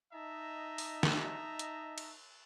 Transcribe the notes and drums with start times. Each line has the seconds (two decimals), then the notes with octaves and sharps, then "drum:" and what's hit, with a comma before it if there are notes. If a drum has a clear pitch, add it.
0.13 D#4 D#5 E5 A5 A#5
0.78 drum: open hi-hat
1.03 drum: snare
1.59 drum: hi-hat
1.98 drum: cymbal